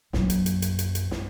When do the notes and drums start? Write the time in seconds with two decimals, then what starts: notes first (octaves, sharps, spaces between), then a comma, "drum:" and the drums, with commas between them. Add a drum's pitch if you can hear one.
0.13 A#1 F#2, drum: snare
0.30 drum: hi-hat
0.46 drum: hi-hat
0.62 drum: hi-hat
0.79 drum: hi-hat
0.95 drum: hi-hat
1.11 drum: snare